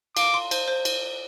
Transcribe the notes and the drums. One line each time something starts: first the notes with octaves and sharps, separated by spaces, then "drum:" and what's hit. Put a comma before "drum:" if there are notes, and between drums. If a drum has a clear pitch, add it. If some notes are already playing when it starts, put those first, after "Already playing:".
F5 D6, drum: cymbal
C6
C5, drum: cymbal
C5
drum: cymbal